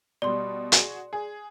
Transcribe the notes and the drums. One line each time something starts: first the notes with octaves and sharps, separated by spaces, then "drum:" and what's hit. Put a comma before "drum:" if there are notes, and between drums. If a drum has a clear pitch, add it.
B2 G3 D5 C6
F#4 G#4, drum: hi-hat
G#4